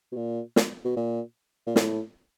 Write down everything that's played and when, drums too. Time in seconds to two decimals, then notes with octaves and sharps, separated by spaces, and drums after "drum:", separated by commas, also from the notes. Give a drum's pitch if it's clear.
0.12 B2
0.16 A#2
0.56 drum: snare
0.85 B2
0.96 A#2
1.67 A#2
1.76 A2, drum: snare